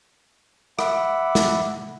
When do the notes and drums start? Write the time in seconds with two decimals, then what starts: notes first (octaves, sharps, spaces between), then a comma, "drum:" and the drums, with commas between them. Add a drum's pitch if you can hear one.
0.79 E5 F#5 B5 D6, drum: rim click
1.35 drum: snare